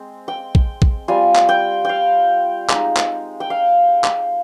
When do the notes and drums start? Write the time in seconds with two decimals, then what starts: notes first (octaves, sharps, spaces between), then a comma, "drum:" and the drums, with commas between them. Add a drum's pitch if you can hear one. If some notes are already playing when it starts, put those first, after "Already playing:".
Already playing: G#3 C4
0.28 G5
0.55 drum: kick A#1
0.82 drum: kick A#1
1.08 G3 C4 F4 G#5
1.35 drum: clap
1.49 G5
1.85 F5 G5
2.69 G#3 D#4, drum: clap
2.97 drum: clap
3.40 G5
3.50 F5
4.04 drum: clap